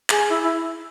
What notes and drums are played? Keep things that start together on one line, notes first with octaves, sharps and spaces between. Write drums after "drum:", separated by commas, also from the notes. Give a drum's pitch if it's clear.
G#4, drum: clap
E4
E4